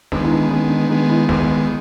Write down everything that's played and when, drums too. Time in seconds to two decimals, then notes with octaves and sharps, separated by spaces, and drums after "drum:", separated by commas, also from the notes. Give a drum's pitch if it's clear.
0.12 D#3 G#3 B3 D4, drum: snare
0.25 E4
0.31 D#4
0.51 D#3 G#3 B3 C#4
0.70 D4
0.90 D#3 G#3 B3 D#4
1.10 E4
1.29 D#3 G#3 B3, drum: snare